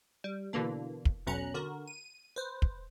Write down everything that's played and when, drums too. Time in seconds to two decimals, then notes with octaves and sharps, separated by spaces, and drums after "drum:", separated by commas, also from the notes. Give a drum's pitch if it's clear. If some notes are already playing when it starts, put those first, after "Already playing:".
0.24 G3
0.53 B2 D3 E3 A#3 D4
1.05 drum: kick
1.27 B1 E2 B2 C#4 A#5 F#6
1.54 D3 F#4 A#4
1.87 D#7
2.36 B4 C5
2.62 drum: kick